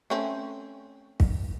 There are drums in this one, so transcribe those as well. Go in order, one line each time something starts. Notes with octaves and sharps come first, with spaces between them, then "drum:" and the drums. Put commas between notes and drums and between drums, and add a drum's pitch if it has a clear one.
A3 C4 C#4
drum: kick